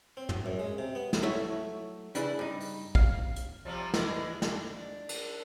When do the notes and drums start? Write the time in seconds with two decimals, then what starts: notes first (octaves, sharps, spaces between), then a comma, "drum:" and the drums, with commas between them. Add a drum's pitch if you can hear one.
0.17 C4
0.29 D2, drum: tom
0.46 F#2
0.59 G#3
0.78 C3
0.95 B3
1.13 drum: snare
1.22 F#3 A3 E4 C#5 E5
2.15 C#3 E3 D4 E4, drum: hi-hat
2.39 G2 D#4
2.60 drum: open hi-hat
2.95 F5, drum: kick
3.36 drum: hi-hat
3.65 C3 F3 G3
3.94 E3 G#3 E4, drum: snare
4.42 D4, drum: snare
5.09 drum: cymbal